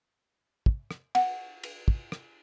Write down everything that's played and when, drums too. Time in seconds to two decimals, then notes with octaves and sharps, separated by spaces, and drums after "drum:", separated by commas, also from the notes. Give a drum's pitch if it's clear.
0.66 drum: kick
0.91 drum: rim click
1.15 F#5, drum: cymbal
1.63 drum: cymbal
1.88 drum: kick
2.12 drum: rim click